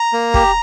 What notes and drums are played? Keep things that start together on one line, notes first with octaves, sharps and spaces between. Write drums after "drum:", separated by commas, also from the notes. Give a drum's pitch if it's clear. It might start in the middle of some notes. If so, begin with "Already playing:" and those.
Already playing: A#5
A#3
G4, drum: kick